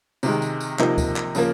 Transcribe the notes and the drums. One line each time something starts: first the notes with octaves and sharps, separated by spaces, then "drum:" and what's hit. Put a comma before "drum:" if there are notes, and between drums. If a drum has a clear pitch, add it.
C3 D#3 G#3, drum: tambourine
drum: tambourine
drum: tambourine
C3 F3 A#3 D#4, drum: clap
drum: kick D2, tambourine
drum: clap
C#3 F3 A#3, drum: tambourine